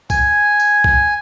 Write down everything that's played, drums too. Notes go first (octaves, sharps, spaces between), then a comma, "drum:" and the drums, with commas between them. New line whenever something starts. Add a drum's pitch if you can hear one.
G#5, drum: kick B1, tambourine
drum: tambourine
drum: kick B1